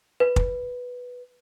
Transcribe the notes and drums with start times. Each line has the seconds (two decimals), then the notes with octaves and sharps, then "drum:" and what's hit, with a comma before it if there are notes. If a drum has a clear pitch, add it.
0.20 B4
0.36 drum: kick